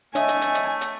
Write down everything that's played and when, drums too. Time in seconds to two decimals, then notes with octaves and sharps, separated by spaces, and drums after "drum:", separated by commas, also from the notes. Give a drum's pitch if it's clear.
0.15 A3 D4 C#5 D#5 E5 G#5, drum: hi-hat
0.28 drum: hi-hat
0.41 drum: hi-hat
0.55 drum: hi-hat
0.81 drum: hi-hat